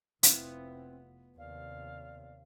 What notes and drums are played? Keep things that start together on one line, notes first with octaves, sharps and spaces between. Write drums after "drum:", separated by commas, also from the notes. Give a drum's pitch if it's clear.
F1 B3 C4 E4 F4, drum: hi-hat
D#2 C3 D5 F5